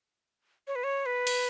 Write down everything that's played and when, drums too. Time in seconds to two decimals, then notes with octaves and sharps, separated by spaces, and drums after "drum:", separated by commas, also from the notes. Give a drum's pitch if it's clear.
0.67 C#5
0.75 B4
0.84 C#5
1.06 B4
1.27 drum: cymbal